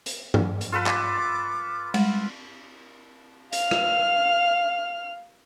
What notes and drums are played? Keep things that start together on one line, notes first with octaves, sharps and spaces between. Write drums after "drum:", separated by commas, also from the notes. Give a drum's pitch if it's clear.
drum: hi-hat
drum: tom G2
drum: hi-hat
F4 A4 B4
D6, drum: clap
G3 G#3, drum: cymbal
F5 F6, drum: hi-hat
drum: rim click